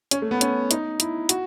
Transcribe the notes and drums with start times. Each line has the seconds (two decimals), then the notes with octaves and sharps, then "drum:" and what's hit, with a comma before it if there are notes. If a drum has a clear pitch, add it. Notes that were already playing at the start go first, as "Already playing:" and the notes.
0.11 C#4, drum: hi-hat
0.22 A3
0.31 B3
0.41 C#4, drum: hi-hat
0.71 D#4, drum: hi-hat
1.00 E4, drum: hi-hat
1.29 F#4, drum: hi-hat